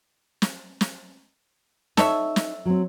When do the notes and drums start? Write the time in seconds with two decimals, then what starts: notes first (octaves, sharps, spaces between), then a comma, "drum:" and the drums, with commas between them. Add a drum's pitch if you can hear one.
0.42 drum: snare
0.81 drum: snare
1.97 D#4 A4 C#5 E5, drum: snare
2.36 drum: snare
2.65 F#3 C4